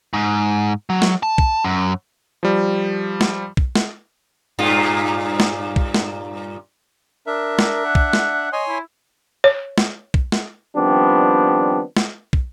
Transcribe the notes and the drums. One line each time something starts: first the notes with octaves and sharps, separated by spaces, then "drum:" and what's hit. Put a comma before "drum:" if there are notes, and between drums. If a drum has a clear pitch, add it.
G#2
F#3
drum: snare
A5
drum: kick
F#2
F3 G3
drum: snare
drum: kick
drum: snare
G2 A#2 F4
drum: snare
drum: kick
drum: snare
D4 A#4 E5
drum: snare
F#5
drum: kick
drum: snare
C#5 D#5 G#5 C6
E4
C#5
drum: snare
drum: kick
drum: snare
D#3 F3 G3 B3 C4 D4
drum: snare
drum: kick